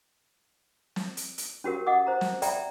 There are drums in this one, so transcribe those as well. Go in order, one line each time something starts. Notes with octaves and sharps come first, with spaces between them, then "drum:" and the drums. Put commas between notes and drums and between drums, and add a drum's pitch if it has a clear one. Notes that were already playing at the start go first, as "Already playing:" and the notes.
drum: snare
drum: hi-hat
drum: hi-hat
C#4 F#4 G4 A#4
D#5 F#5 D6 D#6
C5 A#5
drum: snare
A4 D5 E5 G5 A#5 B5, drum: hi-hat